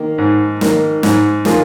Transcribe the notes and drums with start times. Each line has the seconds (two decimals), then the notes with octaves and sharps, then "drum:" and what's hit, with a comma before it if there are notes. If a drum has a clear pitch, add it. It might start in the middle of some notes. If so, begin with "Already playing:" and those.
Already playing: D#3 A#3
0.18 G#2
0.61 D#3 A#3, drum: snare
1.03 G#2, drum: snare
1.45 D#3 A#3 F4 G#4, drum: snare